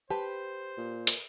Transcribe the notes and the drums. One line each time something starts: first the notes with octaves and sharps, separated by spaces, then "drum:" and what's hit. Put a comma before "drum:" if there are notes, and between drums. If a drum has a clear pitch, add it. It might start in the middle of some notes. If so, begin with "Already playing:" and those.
G4 B4 C5 A5
A#2
drum: hi-hat